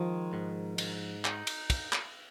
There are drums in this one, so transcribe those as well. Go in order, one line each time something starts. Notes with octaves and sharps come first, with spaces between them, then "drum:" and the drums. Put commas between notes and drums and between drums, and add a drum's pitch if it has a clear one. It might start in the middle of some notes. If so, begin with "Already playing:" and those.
Already playing: D#3 F3 G#3
G#2
G#2, drum: cymbal
D#4, drum: clap
drum: cymbal
drum: kick, cymbal
drum: clap